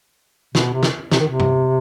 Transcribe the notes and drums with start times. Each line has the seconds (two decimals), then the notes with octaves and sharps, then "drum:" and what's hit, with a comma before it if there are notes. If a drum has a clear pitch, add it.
0.55 B2, drum: snare
0.73 C3
0.83 drum: snare
1.12 C3, drum: snare
1.19 D#3
1.27 C3
1.40 drum: tom G2